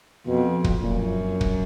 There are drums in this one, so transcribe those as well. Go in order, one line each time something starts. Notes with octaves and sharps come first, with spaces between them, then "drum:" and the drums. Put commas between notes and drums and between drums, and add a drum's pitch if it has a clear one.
F2 B2
drum: kick
F#2 A#2
drum: kick